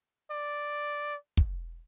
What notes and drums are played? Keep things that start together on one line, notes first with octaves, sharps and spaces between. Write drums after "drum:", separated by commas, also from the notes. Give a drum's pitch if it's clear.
D5
drum: kick